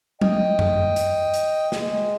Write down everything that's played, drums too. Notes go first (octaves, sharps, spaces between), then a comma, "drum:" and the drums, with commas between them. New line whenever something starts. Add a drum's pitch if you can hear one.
D#5 G5, drum: tom F#3
drum: tom F#2
drum: hi-hat
drum: hi-hat
G#3, drum: snare